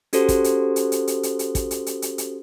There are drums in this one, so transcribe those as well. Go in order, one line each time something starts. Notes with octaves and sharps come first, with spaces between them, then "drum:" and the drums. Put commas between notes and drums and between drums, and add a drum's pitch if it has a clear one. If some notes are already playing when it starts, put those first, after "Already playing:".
C#4 F#4 G4 A4 C5, drum: hi-hat
drum: kick, hi-hat
drum: hi-hat
drum: hi-hat
drum: hi-hat
drum: hi-hat
drum: hi-hat
drum: hi-hat
drum: kick, hi-hat
drum: hi-hat
drum: hi-hat
drum: hi-hat
drum: hi-hat